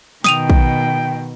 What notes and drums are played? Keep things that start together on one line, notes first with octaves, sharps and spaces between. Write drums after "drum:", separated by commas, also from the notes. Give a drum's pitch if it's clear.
B2 D#3 G5 D#6 D#7 F7, drum: snare
drum: kick